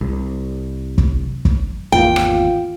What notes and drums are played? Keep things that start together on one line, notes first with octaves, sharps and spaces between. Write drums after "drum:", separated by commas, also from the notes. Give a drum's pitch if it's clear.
C2
drum: kick
drum: kick
G#1 E2 A#3 F4 F5 G5
drum: rim click